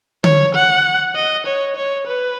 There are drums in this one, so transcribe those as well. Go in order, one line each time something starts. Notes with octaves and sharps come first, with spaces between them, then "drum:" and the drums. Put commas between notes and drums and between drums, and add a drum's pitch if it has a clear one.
C#5, drum: tom D3
F#5
D#5
C#5
C#5
B4